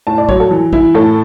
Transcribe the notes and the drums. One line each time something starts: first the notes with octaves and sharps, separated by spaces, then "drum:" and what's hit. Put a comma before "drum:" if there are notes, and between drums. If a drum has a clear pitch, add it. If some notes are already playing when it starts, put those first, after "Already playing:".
A2 A5
D5
F#3 C#5, drum: kick
A4
E3
E3 E4, drum: kick
A2 A4